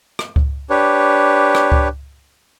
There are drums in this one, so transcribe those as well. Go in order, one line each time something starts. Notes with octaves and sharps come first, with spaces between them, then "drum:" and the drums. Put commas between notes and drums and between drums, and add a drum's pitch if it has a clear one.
drum: rim click
drum: kick C#2
D4 G4 B4 C#5
drum: rim click
drum: kick C#2